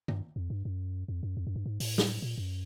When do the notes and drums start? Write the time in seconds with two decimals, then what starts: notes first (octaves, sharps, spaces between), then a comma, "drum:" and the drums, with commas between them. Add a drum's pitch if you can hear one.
0.08 G2, drum: tom
0.36 F2
0.50 G2
0.65 F#2
1.08 F2
1.23 F#2
1.37 F2
1.47 F#2
1.56 G2
1.66 G#2
1.80 A2, drum: open hi-hat
1.98 drum: snare
2.22 A#2
2.38 F#2